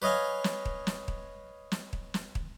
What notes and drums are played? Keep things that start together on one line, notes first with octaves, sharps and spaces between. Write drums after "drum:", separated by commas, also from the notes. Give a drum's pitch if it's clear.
B4 C#5 D#5 F5 G#5
drum: snare
drum: kick
drum: snare
drum: kick
drum: snare
drum: kick
drum: snare
drum: kick